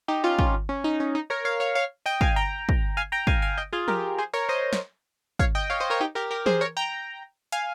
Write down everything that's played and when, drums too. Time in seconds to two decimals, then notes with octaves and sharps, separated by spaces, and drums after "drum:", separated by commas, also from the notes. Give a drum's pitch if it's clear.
0.08 D#4 G4
0.24 C#4 F4
0.39 C#4 F4, drum: kick
0.69 C#4
0.84 D#4
1.00 C#4
1.15 D#4
1.30 A#4 C#5
1.45 C#5 F5
1.60 C#5 F5
1.75 C#5 F5
2.06 D#5 G5
2.21 F5 G#5, drum: kick
2.36 G5 A#5
2.69 drum: kick
2.97 F5 G#5
3.12 G5 A#5
3.27 F5 G#5, drum: kick
3.42 F5 G#5
3.58 D#5 G5
3.73 F4 G#4
3.88 G4 A#4, drum: tom F3
4.18 G#4 C5
4.33 A#4 C#5
4.49 C5 D#5
4.73 drum: snare
5.39 C#5 F5, drum: kick
5.55 D#5 G5
5.70 C#5 F5
5.80 C5 D#5
5.90 A#4 C#5
6.00 D#4 G4
6.15 G4 A#4
6.31 G4 A#4
6.46 G#4 C5, drum: tom E3
6.61 A#4 C#5
6.77 G5 A#5
7.52 F5 G#5, drum: hi-hat